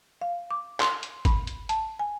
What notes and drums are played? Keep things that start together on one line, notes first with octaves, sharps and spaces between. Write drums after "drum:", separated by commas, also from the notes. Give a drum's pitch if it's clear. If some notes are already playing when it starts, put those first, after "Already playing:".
F5
D6
C6, drum: clap
drum: hi-hat
B5, drum: kick G#1, hi-hat
drum: hi-hat
A5, drum: hi-hat
G#5